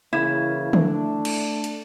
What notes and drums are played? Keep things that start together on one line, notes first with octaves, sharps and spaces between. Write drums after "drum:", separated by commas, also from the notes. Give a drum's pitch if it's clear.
C#3 E3 A#3 E4
A3 D4, drum: tom
drum: cymbal
drum: hi-hat